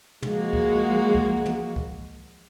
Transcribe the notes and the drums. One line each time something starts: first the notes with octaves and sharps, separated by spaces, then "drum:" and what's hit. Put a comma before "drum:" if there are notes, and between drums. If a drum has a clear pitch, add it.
F3 G#3 A#3 F#4, drum: tom
drum: kick C2
drum: kick C2
drum: tom
drum: kick C2